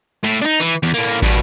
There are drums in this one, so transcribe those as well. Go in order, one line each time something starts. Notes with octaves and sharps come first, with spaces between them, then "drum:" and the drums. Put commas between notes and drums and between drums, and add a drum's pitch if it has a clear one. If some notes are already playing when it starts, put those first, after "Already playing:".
A2
D4 D#4
E3, drum: tambourine
E2
A2 A#3
G2 B2, drum: kick